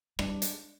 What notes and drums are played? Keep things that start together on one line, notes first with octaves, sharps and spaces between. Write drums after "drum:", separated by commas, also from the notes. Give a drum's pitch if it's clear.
G3 D4, drum: rim click
drum: hi-hat